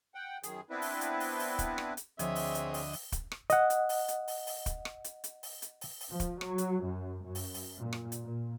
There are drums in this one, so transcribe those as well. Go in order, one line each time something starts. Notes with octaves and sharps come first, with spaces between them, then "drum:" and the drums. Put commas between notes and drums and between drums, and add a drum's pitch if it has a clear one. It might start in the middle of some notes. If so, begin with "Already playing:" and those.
F#5 G5
F#2 D#3 G#4, drum: hi-hat
B3 C4 D4 E4 B4
drum: open hi-hat
drum: hi-hat
drum: open hi-hat
drum: open hi-hat
drum: kick, hi-hat
drum: rim click
drum: hi-hat
D2 F3 C4 G#4 C#5 D#5 E5, drum: hi-hat
drum: open hi-hat
drum: hi-hat
drum: open hi-hat
drum: open hi-hat
drum: kick, hi-hat
drum: rim click
D#5 F#5, drum: hi-hat
drum: hi-hat
drum: open hi-hat
drum: hi-hat
drum: open hi-hat
drum: open hi-hat
drum: kick, hi-hat
drum: rim click
drum: hi-hat
drum: hi-hat
drum: open hi-hat
drum: hi-hat
drum: open hi-hat
drum: open hi-hat
F3
drum: kick, hi-hat
F#3, drum: rim click
drum: hi-hat
F#2
F#2
drum: open hi-hat
drum: open hi-hat
A#2
drum: rim click
drum: hi-hat
A#2